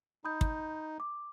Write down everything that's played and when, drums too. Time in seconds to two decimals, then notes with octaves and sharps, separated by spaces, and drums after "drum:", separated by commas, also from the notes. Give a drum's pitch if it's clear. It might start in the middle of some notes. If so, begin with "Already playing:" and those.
0.25 D#4 B5 D#6 G6
0.41 drum: kick
1.00 D6